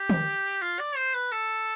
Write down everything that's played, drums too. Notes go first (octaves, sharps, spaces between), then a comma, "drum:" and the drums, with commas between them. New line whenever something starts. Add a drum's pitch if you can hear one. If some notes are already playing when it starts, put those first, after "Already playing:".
Already playing: G4
drum: tom
F4
D5
C5
B4
A4